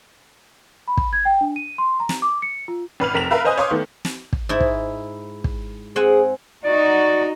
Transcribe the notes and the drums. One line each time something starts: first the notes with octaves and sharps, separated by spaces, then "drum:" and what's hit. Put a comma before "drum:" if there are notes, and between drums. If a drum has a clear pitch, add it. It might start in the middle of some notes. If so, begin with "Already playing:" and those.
B5
drum: kick
G#6
G5
D4
D#7
C6
A#5
drum: snare
D6
C#7
F4
G#1 B4 F6 F7
F1 A#4 B6 E7 F7
A#4 B4 E5 F5 B5 F#6
B4 C5 D#5 G#5 D#6 G6
C#5 F5 C6 D6 D#6
D#3 A3 B3
drum: snare
drum: kick
G#2 E4
drum: kick
drum: kick
C4 G#4 F#5 G#5
D#4 F#4 D5